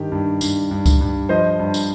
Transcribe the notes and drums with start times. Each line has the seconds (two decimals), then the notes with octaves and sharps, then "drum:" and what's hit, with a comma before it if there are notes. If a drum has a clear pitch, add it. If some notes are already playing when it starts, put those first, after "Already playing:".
Already playing: G2 D#3 G4
0.12 G2
0.41 G2, drum: tambourine
0.71 G2
0.86 drum: kick C#2, tambourine
1.01 G2
1.29 F3 C5 D#5
1.59 G2
1.74 drum: tambourine